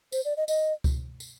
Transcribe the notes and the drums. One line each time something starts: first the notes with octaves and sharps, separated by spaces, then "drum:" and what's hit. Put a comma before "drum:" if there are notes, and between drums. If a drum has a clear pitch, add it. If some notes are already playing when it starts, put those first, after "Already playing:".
C5, drum: tambourine
D5
D#5
D#5, drum: tambourine
drum: kick C#2, tambourine
drum: tambourine